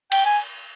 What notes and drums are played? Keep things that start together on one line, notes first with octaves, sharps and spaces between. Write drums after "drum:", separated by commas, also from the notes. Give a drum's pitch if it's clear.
G5, drum: cymbal
G#5